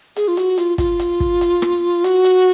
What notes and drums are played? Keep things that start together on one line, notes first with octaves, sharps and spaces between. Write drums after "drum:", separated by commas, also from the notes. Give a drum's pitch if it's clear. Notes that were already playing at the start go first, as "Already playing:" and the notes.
G#4, drum: hi-hat
F4
F#4, drum: hi-hat
F4, drum: hi-hat
F4, drum: kick, hi-hat
drum: hi-hat
drum: kick
drum: hi-hat
drum: rim click
F#4, drum: hi-hat
drum: hi-hat